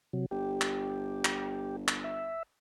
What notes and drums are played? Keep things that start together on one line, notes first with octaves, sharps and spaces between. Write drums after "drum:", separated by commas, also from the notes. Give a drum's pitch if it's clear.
C3 F#3
G1 G4
drum: clap
drum: clap
drum: clap
E5